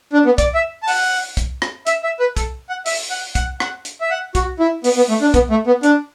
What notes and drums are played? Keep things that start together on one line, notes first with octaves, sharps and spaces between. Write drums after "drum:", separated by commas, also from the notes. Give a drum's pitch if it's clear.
D4
B3
D5, drum: kick, hi-hat
E5
A5
F#5, drum: open hi-hat
drum: kick, hi-hat
drum: rim click
E5, drum: hi-hat
E5
B4
A4, drum: kick, hi-hat
F#5
E5, drum: open hi-hat
F#5
F#5, drum: kick, hi-hat
F#5, drum: rim click
drum: hi-hat
E5
F#5
F#4, drum: kick, hi-hat
E4
B3, drum: open hi-hat
B3
A3
D4
B3, drum: kick, hi-hat
A3
B3
D4, drum: hi-hat